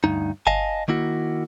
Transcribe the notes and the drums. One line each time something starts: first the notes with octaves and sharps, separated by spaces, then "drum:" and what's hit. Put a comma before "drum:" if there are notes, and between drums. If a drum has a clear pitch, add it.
D2 G2 D#4
D#5 F5 G#5 A5, drum: kick G1
D#3 A#3 E4 F#4